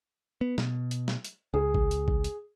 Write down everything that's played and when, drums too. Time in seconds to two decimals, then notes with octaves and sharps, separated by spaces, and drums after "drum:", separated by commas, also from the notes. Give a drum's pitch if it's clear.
0.41 B3
0.58 B2, drum: snare
0.91 drum: hi-hat
1.08 drum: snare
1.25 drum: hi-hat
1.54 C#2 G#4
1.74 drum: kick
1.91 drum: hi-hat
2.08 drum: kick
2.24 drum: hi-hat